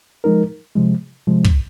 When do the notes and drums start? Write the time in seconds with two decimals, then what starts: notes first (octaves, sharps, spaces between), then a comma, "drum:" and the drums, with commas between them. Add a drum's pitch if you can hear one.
0.24 F3 G#3 D#4 A#4
0.75 C3 F3 G#3
1.27 C3 F3 G#3
1.44 drum: kick